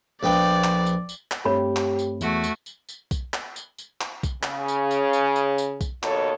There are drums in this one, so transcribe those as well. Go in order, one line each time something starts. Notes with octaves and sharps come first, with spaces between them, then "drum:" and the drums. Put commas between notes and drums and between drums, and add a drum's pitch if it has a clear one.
A#1 B3 D5 G5
drum: clap
drum: tambourine
drum: tambourine
drum: clap
G2 A3 C4 G4 C#5 B5
drum: clap
drum: tambourine
E2 A3 F#4, drum: tambourine
drum: tambourine
drum: tambourine
drum: tambourine
drum: kick B1, tambourine
drum: clap
drum: tambourine
drum: tambourine
drum: clap
drum: kick B1, tambourine
C#3, drum: clap
drum: tambourine
drum: tambourine
drum: tambourine
drum: tambourine
drum: tambourine
drum: kick B1, tambourine
D#2 B2 A4 C#5, drum: clap